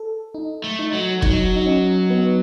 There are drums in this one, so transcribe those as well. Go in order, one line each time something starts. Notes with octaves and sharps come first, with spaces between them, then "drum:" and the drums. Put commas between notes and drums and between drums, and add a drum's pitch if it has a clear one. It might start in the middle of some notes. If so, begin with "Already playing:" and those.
Already playing: A4
D#4
A3
D#4
F#3
F#3 D#4, drum: kick
D#4
C#4
B3